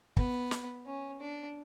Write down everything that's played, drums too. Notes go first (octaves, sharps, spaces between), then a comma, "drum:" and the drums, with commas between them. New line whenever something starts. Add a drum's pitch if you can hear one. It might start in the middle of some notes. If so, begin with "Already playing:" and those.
B3, drum: kick
drum: snare
C#4
D4